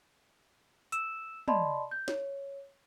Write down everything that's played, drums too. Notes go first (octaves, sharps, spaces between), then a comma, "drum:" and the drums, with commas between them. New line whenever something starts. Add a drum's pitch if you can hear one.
E6 E7, drum: hi-hat
D5 D#5 A5 B5 C6, drum: tom
G6
C#5, drum: snare